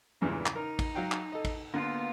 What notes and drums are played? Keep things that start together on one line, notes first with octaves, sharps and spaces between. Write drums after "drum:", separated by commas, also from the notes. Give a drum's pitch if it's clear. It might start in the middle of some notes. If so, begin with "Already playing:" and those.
E2 G2 A#2 C#3 E3
drum: clap
D#4 A#4
drum: kick, cymbal
F#3 F5 G5
drum: clap
A4 D#5
drum: kick, cymbal
D3 A#3 B3 F4